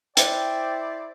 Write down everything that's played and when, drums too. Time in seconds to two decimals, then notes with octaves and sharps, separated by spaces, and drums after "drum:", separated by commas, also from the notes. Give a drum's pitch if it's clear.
0.17 E4 C5 D5 G5, drum: hi-hat